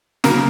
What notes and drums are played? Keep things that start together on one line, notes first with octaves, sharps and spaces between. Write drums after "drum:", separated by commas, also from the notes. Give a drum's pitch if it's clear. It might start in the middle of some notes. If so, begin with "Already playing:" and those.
C#3 F#3 A#3 A#4, drum: snare